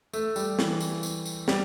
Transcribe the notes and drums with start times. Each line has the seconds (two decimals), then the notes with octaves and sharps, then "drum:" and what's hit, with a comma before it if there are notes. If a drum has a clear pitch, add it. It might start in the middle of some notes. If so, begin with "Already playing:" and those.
0.13 A3, drum: tambourine
0.36 G3, drum: tambourine
0.59 E3, drum: snare
0.80 drum: tambourine
1.03 drum: tambourine
1.25 drum: tambourine
1.48 G3, drum: snare